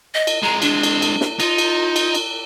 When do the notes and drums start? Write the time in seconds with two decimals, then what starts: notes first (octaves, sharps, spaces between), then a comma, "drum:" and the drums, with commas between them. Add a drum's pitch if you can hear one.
0.14 D#5
0.27 drum: cymbal
0.42 G#3 C4 A#5
0.62 D4, drum: cymbal
0.83 drum: cymbal
1.02 drum: cymbal
1.21 drum: snare
1.40 D#4 F4, drum: cymbal
1.58 drum: cymbal
1.96 drum: cymbal
2.15 drum: cymbal